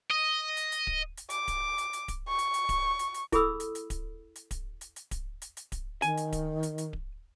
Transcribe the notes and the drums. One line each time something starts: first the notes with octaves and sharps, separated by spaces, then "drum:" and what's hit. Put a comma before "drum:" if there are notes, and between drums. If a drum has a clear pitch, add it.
D#5
drum: hi-hat
drum: hi-hat
drum: kick D1
drum: hi-hat
D6, drum: hi-hat
drum: kick D1, hi-hat
drum: hi-hat
drum: hi-hat
drum: kick D1, hi-hat
C#6
drum: hi-hat
drum: hi-hat
drum: kick D1, hi-hat
drum: hi-hat
drum: hi-hat
E4 G#4 A4 B5 D#6 E6, drum: kick D1, hi-hat
drum: hi-hat
drum: hi-hat
drum: kick D1, hi-hat
drum: hi-hat
drum: kick D1, hi-hat
drum: hi-hat
drum: hi-hat
drum: kick D1, hi-hat
drum: hi-hat
drum: hi-hat
drum: kick D1, hi-hat
D#3 G#5, drum: hi-hat
drum: hi-hat
drum: kick D1, hi-hat
drum: hi-hat
drum: hi-hat
drum: kick D1